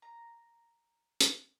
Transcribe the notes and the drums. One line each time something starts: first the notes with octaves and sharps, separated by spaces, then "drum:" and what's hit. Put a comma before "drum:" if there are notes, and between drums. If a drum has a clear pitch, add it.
A#5
drum: hi-hat